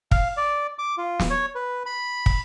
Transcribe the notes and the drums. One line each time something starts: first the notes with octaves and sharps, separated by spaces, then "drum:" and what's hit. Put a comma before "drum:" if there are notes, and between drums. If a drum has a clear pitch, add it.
F5, drum: kick
D5
D6
F4
drum: snare
C#5
B4
B5
drum: kick